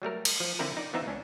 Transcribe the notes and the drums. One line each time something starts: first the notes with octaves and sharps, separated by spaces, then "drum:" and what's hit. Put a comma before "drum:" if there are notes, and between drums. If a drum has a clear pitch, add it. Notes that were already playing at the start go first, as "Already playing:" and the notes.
F#3 G3 A3 A#4
drum: cymbal
F3
D3 F3 C4 E4 A#4
D#4 D5
E3 B3 C4 D#4 F4 E5
C#2 C#4 D4